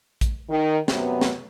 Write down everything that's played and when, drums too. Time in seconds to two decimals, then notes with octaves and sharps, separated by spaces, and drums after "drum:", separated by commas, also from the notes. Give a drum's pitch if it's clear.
0.21 drum: kick A#1, hi-hat
0.49 D#3
0.88 F#2 C3 F#3 B3, drum: snare
1.21 drum: snare